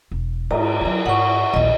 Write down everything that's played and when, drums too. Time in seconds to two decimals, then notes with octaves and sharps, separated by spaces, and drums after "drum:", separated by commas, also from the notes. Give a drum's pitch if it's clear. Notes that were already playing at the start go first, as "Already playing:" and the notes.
0.11 E1
0.51 G#2 A#5, drum: cymbal
0.81 E3 F#3
1.06 G#2 F#5 C#6
1.54 A#1 D#2 D#5